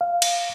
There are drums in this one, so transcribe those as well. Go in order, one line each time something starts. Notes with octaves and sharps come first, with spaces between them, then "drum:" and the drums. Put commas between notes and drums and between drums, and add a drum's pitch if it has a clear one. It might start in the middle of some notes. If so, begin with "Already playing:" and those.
F5
drum: cymbal